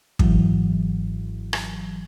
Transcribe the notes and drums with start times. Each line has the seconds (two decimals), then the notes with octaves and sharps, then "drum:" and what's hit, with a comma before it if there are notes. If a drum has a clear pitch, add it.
0.19 G#1 G#2 E3 F#3, drum: kick
1.53 drum: rim click